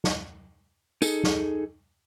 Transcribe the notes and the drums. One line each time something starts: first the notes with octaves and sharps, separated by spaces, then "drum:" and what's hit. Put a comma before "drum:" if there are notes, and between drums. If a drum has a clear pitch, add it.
drum: snare
D#4 G#4 A4, drum: tambourine
drum: snare